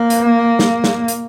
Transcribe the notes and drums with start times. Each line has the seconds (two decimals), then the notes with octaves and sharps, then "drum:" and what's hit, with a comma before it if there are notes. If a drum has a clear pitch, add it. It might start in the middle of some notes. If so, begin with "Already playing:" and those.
Already playing: A#3
0.10 drum: hi-hat
0.59 drum: snare
0.84 drum: snare
1.08 drum: hi-hat